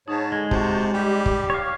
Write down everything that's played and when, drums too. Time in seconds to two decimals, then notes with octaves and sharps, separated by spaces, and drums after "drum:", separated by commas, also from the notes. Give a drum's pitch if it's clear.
0.08 G#2 D#4 C#5 A5
0.32 D3 G#3 G#6
0.51 C3 F#4 A5 G6, drum: kick
0.93 G3 G4
1.26 drum: kick
1.50 C#5 F5